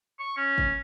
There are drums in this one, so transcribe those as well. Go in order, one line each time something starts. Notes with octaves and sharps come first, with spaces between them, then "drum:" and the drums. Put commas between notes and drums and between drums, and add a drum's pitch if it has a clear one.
C#6
C#4
drum: kick